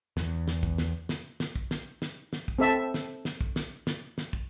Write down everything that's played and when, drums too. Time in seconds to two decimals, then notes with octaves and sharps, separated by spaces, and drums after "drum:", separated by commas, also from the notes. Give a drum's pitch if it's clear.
0.17 E2, drum: snare
0.48 drum: snare
0.63 drum: kick
0.78 drum: snare
1.09 drum: snare
1.40 drum: snare
1.56 drum: kick
1.71 drum: snare
2.02 drum: snare
2.33 drum: snare
2.48 drum: kick
2.59 C4 A4 E5 A5
2.94 drum: snare
3.25 drum: snare
3.41 drum: kick
3.56 drum: snare
3.87 drum: snare
4.18 drum: snare
4.33 drum: kick